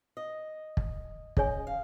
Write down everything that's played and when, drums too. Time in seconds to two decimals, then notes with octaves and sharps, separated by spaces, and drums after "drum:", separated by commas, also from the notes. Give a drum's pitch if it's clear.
0.17 D#5
0.77 drum: kick
1.37 C#4 G#4 C#5 D#5 G#5, drum: kick
1.67 F5